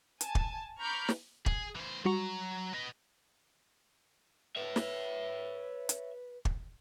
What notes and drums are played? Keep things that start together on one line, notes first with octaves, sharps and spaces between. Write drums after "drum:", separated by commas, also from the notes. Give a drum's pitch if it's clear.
G#5 A5, drum: hi-hat
drum: kick
A#5 B5 C#6 D6 F6 G6
drum: snare
G#4, drum: kick
E3 C5
F#3 G3 F#4 A#5 C#6
B4 D#5
B4 C#5 E5
drum: snare
drum: hi-hat
drum: kick